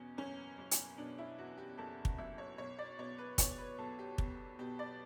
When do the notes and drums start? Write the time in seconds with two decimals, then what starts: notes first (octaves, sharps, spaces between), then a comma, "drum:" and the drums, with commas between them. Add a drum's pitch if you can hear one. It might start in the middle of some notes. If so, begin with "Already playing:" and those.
Already playing: E2 B2 C#4
0.17 F#1 C#4
0.58 F#1
0.71 drum: hi-hat
0.98 B2 D4
1.18 E4
1.38 E2 F#4
1.58 G4
1.78 F#1 A4
2.05 drum: kick
2.18 F#1 E5
2.38 C#5
2.58 B1 C#5
2.79 D5
2.99 B2 C#5
3.18 B4
3.38 B2 C#5, drum: kick, hi-hat
3.58 B4
3.78 B1 A4
3.99 G4
4.18 B1, drum: kick
4.59 B2 G4
4.79 D5